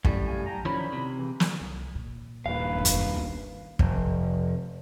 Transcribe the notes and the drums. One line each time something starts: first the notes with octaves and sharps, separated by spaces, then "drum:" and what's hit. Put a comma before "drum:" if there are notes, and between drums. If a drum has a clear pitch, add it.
F#2 A2 G3, drum: kick
C3 F5 G#5
G5 A5 A#5
D#3 F3 C#4 E4 D5 B5
C3
C#3 E3
drum: snare
C2
A#2
D#1 G2 D#3 A#3 B4 F5
F#1 E2
drum: hi-hat
G1 D#2
F1, drum: kick